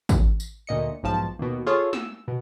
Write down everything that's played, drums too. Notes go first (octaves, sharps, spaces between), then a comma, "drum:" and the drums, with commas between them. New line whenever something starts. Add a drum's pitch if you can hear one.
drum: kick, tambourine
drum: tambourine
D2 A#2 D#5 C#7
B1 G#2 F3 A5
D#2 B2
F4 G#4 A4 C#5
E6, drum: snare A3
B2